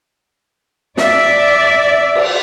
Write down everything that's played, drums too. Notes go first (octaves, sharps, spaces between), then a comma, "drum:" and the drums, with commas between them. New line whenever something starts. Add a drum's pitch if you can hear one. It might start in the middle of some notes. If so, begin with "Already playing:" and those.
D5 E5, drum: snare
drum: cymbal